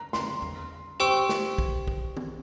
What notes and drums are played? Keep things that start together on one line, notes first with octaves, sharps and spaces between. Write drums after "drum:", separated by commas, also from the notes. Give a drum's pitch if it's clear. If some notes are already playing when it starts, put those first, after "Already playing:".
Already playing: A#5
C6, drum: snare
drum: tom E2
G4 C5 G5 C6 C#6 E6
drum: snare
drum: kick
drum: kick
drum: tom